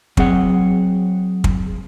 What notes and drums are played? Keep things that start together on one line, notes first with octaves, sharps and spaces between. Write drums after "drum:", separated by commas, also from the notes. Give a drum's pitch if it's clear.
F#3 C4 G#4 F#5, drum: kick
drum: kick